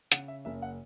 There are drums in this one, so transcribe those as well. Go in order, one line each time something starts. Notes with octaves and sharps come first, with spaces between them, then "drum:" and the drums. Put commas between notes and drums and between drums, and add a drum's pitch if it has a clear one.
C#3 F#5, drum: hi-hat
E5
F#1 E5
F#5